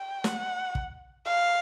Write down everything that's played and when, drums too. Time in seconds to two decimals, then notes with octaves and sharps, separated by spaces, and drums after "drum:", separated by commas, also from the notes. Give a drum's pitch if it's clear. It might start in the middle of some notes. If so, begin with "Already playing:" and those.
Already playing: G5
0.24 F#5, drum: snare
0.75 drum: kick
1.26 F5